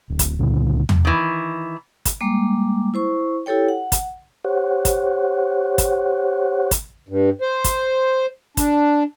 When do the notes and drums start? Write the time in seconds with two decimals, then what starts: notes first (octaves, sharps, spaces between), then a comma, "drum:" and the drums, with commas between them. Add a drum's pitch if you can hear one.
0.10 D1
0.19 drum: kick, hi-hat
0.39 C#2 A#2 D3
0.89 drum: tom
1.05 D#3 E3
2.05 drum: kick, hi-hat
2.20 G3 G#3 A#3 D6
2.94 E4 C5 C#6
3.46 E4 G4 A4 C#5 G5
3.68 F#5
3.92 drum: kick, hi-hat
4.44 G4 C5 C#5 F#5
4.85 drum: kick, hi-hat
5.78 drum: kick, hi-hat
6.71 drum: kick, hi-hat
7.09 G2
7.41 C5
7.64 drum: kick, hi-hat
8.57 D4, drum: kick, hi-hat